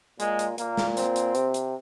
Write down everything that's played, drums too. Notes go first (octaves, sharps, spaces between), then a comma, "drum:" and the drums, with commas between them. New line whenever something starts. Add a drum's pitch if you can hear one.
A#2 G#3, drum: hi-hat
drum: hi-hat
A#2 A#3, drum: hi-hat
drum: snare
C4, drum: hi-hat
drum: hi-hat
C3, drum: hi-hat
drum: hi-hat